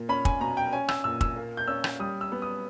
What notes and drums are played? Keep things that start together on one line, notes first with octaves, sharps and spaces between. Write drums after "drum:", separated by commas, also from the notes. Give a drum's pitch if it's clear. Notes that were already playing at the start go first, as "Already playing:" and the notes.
Already playing: A#2 A#3
C#4 B5
G#5, drum: kick
B2 A#5
G5
C#4 G#5
E6, drum: rim click
A#2 E6
E6, drum: kick
A#3
G6
C#4 E6
drum: rim click
G3 D#6
E6
B3
D#6